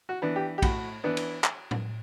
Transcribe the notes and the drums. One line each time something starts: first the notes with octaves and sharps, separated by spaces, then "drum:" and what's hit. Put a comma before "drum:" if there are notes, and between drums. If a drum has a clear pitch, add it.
F#4
E3 B3 D4
G4
G4
A2 F#4, drum: kick, cymbal
E3 B3 D4
drum: cymbal
drum: clap
drum: tom A2